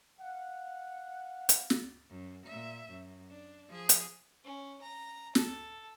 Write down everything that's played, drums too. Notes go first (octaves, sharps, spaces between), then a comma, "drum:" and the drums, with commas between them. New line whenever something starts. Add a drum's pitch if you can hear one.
F5 F#5
drum: hi-hat
drum: snare
F#2
A#2 E5
F#2
D4
F3 G#4
drum: hi-hat
C#4
A#5
A4, drum: snare